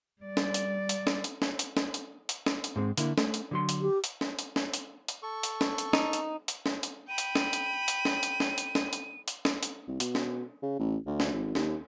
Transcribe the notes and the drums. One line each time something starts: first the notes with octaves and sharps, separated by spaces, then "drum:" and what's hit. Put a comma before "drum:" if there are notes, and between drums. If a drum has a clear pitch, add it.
G3 D5
drum: snare
drum: hi-hat
drum: hi-hat
drum: snare
drum: hi-hat
drum: snare
drum: hi-hat
drum: snare
drum: hi-hat
drum: hi-hat
drum: snare
drum: hi-hat
G#2 G#3 C4
D3 A#3 E4, drum: hi-hat
A3, drum: snare
drum: hi-hat
D3 F#3 C6
drum: hi-hat
G4
drum: hi-hat
drum: snare
drum: hi-hat
drum: snare
drum: hi-hat
drum: hi-hat
A4 C#6
drum: hi-hat
drum: snare
drum: hi-hat
D#4, drum: snare
drum: hi-hat
drum: hi-hat
drum: snare
drum: hi-hat
G5 B5 D#7
drum: hi-hat
drum: snare
drum: hi-hat
drum: hi-hat
drum: snare
drum: hi-hat
drum: snare
drum: hi-hat
drum: snare
drum: hi-hat
drum: hi-hat
drum: snare
drum: hi-hat
C2
B2, drum: hi-hat
drum: snare
C#3
A1
D2
drum: snare
G#1
D#2, drum: snare